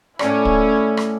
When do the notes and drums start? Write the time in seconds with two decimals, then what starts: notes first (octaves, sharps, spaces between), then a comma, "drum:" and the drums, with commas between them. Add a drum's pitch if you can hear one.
0.19 A2 C#4 E4 D5, drum: rim click
0.45 drum: kick
0.97 drum: rim click